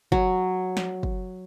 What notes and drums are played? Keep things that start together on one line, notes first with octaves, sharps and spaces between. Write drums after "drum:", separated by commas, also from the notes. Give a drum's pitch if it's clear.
F#3, drum: kick
drum: snare
drum: kick